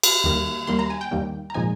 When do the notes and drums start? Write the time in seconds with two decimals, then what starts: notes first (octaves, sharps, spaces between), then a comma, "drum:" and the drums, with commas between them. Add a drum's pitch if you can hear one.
0.03 drum: cymbal
0.24 D#2 D#3 G3 A#3
0.67 D#2 D#3 G3 A#3 C6
0.79 A#5
0.90 G#5
1.01 G5
1.11 D#2 D#3 G3 A#3
1.50 A#5
1.54 A#2 F3 G#3 D#4 G#5